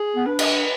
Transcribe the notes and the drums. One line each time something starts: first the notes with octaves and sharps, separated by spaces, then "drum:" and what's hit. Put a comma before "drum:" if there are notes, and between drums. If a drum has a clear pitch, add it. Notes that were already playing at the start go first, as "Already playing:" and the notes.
Already playing: G#4
B3
D4 B4
drum: cymbal